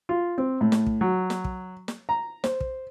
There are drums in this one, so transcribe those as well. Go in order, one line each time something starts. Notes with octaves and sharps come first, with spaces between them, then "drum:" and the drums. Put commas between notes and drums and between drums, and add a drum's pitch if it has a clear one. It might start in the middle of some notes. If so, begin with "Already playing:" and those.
F4
C4
A2
drum: snare
drum: kick
F#3
drum: snare
drum: kick
drum: snare
A#5
C5, drum: snare
drum: kick